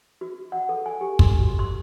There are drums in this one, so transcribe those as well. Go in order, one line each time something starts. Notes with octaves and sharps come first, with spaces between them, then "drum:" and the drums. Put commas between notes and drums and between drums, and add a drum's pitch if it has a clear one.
F#4
F#5
A4
G#5
G4
C6, drum: kick
F#4
C6